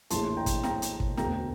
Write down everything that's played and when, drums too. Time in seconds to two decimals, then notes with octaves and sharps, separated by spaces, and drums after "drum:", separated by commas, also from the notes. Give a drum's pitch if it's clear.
0.10 A#1 A2 E3 A5 C6, drum: hi-hat
0.37 G5 A#5
0.46 drum: kick, hi-hat
0.63 G5 A#5, drum: snare
0.82 drum: hi-hat
1.00 drum: kick
1.17 E1 D2 D3 G5 A#5, drum: snare